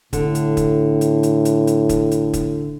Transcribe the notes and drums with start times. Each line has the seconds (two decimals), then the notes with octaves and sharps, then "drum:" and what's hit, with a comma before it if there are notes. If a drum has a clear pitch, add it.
0.13 A2 D3, drum: kick, hi-hat
0.35 drum: hi-hat
0.57 drum: kick, hi-hat
1.01 drum: hi-hat
1.23 drum: hi-hat
1.45 drum: hi-hat
1.67 drum: hi-hat
1.89 drum: kick, hi-hat
2.11 drum: hi-hat
2.33 drum: kick, hi-hat